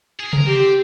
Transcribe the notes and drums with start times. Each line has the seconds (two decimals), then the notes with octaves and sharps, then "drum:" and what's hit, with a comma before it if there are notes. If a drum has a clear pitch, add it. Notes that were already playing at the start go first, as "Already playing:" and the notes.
0.20 G#4
0.33 A#4, drum: tom C3
0.46 C4 G4